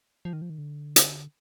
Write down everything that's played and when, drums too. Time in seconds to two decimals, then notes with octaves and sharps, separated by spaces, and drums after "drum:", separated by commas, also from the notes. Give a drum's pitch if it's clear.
0.25 F3
0.33 D#3
0.42 F3
0.50 D#3
0.58 D3
0.96 drum: hi-hat